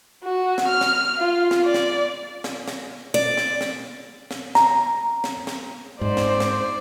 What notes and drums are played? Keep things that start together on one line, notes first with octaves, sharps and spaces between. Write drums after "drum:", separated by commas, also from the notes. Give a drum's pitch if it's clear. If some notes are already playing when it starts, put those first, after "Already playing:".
F#4
drum: snare
F6
drum: snare
F4
drum: snare
D5
drum: snare
drum: snare
drum: snare
D5
drum: snare
drum: snare
drum: snare
A#5, drum: snare
drum: snare
drum: snare
G#2 C5 D5
drum: snare
drum: snare